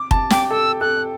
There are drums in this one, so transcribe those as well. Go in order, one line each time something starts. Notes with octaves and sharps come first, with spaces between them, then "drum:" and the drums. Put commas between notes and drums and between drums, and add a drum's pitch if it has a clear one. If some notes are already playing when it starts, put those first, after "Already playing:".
Already playing: D6
A5, drum: kick
G5 D6, drum: snare
A4 E6
A4 F#6